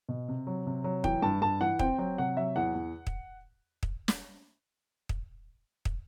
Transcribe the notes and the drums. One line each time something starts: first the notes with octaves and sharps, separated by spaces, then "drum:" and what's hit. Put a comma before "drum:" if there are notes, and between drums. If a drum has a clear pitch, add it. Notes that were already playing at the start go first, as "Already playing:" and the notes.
B2
C3
F#3
C3
F#3
E3 G5, drum: kick
G2 A5
G2 A5
E3 F#5
C4 G5, drum: kick
F#3 G5
C3 F#5
F#3 E5
E2 F#5
E2
drum: kick
drum: kick
drum: snare
drum: kick
drum: kick